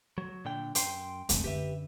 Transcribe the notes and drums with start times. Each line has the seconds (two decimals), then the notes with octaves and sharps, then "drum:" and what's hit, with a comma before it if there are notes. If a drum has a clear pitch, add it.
0.18 F#3
0.45 A#2 D3 G5
0.75 F#2 G5 C6, drum: hi-hat
1.29 F1 E2 G#3 A3, drum: hi-hat
1.44 F#2 D3 G4 B4 E5